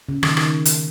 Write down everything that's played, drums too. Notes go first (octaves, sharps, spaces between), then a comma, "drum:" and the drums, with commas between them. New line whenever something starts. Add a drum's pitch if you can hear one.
C#3
D#3, drum: rim click
drum: rim click
drum: hi-hat